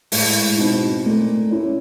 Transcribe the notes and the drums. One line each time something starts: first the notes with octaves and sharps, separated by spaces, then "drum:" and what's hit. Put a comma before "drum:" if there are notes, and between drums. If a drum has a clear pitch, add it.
A2 G#3, drum: open hi-hat
B2 C4 D#4
A#2 A3
C#4 E4